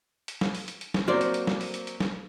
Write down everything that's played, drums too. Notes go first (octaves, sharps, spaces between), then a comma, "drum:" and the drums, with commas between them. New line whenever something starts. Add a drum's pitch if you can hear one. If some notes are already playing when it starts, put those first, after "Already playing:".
drum: hi-hat
drum: snare
drum: open hi-hat
drum: hi-hat
drum: hi-hat
drum: snare
F#3 A#3 C4 C5 D5
drum: hi-hat
drum: hi-hat
drum: snare
drum: open hi-hat
drum: hi-hat
drum: hi-hat
drum: snare